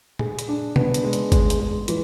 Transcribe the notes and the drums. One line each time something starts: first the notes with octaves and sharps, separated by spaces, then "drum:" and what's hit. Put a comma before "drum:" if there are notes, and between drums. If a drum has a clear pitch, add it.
G#4, drum: tom A#2
drum: hi-hat
D4
B3, drum: tom B2
drum: hi-hat
G#3
drum: hi-hat
G#3, drum: kick, hi-hat
drum: hi-hat
G#3
E3, drum: hi-hat